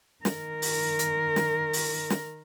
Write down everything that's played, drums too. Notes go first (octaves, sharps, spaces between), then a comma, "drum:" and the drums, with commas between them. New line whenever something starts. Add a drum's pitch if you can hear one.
D#3 A#4, drum: snare
drum: open hi-hat
drum: hi-hat
drum: snare
drum: open hi-hat
drum: snare